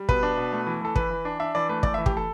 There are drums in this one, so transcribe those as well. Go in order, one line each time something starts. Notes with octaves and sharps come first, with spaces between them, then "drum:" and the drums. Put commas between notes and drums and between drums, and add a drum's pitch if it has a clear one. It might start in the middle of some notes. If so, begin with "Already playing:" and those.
Already playing: G3
B2 B4, drum: kick
D4
B2
A3
E3
E3 A4
E3 B4, drum: kick
E3
D4
D4 E5
E3 D5
A3 B4
A3 D5, drum: kick
E5
E3
G4, drum: kick
E3 A4